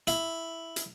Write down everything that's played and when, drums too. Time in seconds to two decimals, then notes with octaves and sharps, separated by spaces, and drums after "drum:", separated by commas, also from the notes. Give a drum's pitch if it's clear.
0.07 E4, drum: hi-hat
0.76 drum: hi-hat